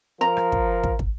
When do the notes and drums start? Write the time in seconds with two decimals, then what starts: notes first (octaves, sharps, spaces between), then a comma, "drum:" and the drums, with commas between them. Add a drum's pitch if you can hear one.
0.21 F3 A#4 A#5
0.37 drum: rim click
0.52 drum: kick
0.84 drum: kick
0.99 drum: kick